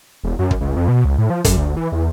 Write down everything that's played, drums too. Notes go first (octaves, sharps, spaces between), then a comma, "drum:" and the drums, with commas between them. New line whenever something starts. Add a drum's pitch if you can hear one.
E1
F#2
drum: kick
C#2
F2
B2
C#2
A2
F3
F#2, drum: kick, hi-hat
D2
E3
E2